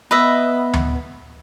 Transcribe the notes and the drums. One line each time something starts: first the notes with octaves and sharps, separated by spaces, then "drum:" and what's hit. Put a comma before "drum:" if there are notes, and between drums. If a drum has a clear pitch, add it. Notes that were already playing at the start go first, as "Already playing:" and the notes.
B3 B4 D#5 E5
drum: tom D2